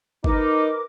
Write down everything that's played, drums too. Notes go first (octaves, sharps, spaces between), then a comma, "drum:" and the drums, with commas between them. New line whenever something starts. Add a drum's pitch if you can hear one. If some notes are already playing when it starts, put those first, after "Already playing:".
D#4 A#4 B4 D6, drum: kick